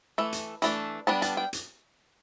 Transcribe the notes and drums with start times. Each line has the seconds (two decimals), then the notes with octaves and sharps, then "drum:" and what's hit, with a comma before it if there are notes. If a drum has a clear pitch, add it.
0.18 E3 A3
0.33 drum: hi-hat
0.62 E3 A3 D4, drum: hi-hat
1.07 G3 B3 D4 A5
1.22 A5, drum: hi-hat
1.37 G5
1.53 drum: hi-hat